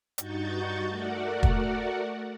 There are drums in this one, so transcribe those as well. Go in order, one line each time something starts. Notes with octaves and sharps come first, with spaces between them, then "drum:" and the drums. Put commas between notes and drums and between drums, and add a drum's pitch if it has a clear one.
G2 D#4 F#4 C#6 G6 A6, drum: hi-hat
A3 F#4 A#4 D5 F#5
drum: kick